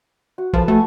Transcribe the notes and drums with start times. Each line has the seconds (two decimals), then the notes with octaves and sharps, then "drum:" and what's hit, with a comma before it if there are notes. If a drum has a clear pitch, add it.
0.38 F#4
0.53 F3 A4 B4 A5, drum: kick A1
0.68 A3 F#4 G#5 C#6